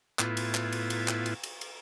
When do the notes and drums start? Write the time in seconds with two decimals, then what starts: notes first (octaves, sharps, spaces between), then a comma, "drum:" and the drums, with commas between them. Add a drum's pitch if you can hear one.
0.19 A2 B3 E4 F4, drum: clap
0.37 drum: cymbal
0.55 drum: clap
0.72 drum: cymbal
0.90 drum: cymbal
1.08 drum: clap
1.26 drum: cymbal
1.43 drum: cymbal
1.61 drum: cymbal